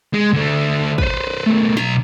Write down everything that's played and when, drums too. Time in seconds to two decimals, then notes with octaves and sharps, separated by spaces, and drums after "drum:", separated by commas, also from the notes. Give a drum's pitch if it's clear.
0.14 G#3
0.33 D3 A3
0.98 B4 C5, drum: kick
1.46 B2 A3
1.77 B1 A#5, drum: snare